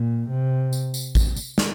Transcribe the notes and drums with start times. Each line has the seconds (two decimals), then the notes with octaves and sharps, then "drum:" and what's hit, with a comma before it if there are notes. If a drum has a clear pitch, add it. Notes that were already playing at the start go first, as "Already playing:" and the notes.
Already playing: A#2
0.30 C3
0.73 drum: tambourine
0.94 drum: tambourine
1.15 drum: kick A1, tambourine
1.36 drum: tambourine
1.58 drum: snare